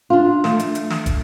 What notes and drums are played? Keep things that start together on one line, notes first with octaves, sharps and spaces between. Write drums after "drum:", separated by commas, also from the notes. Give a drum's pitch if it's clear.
D4 F4
A3, drum: snare
drum: hi-hat
drum: hi-hat
drum: snare
drum: kick, hi-hat